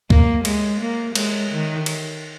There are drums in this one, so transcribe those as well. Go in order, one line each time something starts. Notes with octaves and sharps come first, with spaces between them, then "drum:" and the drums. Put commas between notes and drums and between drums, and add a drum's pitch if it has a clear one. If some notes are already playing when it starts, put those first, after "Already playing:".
A#3, drum: kick
G#3, drum: cymbal
A#3
G#3, drum: cymbal
D#3
drum: cymbal